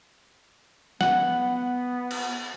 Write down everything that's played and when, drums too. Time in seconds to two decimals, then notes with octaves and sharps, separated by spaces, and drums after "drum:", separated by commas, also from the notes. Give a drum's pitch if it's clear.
1.01 B3 F#5, drum: snare
2.11 drum: cymbal